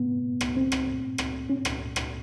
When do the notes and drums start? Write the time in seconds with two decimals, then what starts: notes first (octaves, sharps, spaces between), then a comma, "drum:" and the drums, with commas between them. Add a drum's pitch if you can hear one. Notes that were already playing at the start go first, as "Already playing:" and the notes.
Already playing: B3
0.41 drum: rim click
0.57 C4
0.72 drum: rim click
1.18 drum: rim click
1.50 C#4
1.65 drum: rim click
1.96 drum: rim click